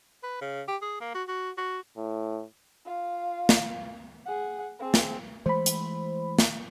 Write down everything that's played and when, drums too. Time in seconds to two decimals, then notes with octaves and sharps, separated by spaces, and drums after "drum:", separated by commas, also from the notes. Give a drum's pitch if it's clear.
0.23 B4
0.41 C#3
0.68 G4
0.82 G#4
1.01 A#3
1.15 F#4
1.28 F#4
1.58 F#4
1.97 A2
2.85 F4 F5
3.49 drum: snare
4.26 G#4 F#5
4.79 C4 G#4
4.94 drum: snare
5.46 E3 G#3 A3 C5 B5
5.66 drum: hi-hat
6.39 drum: snare